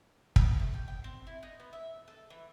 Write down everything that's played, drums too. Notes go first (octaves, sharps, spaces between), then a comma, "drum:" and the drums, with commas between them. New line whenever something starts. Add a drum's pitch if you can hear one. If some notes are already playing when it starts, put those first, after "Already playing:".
B3, drum: kick
A3
G4
G5
C4
E4
D#4
B3
E5
A4
E3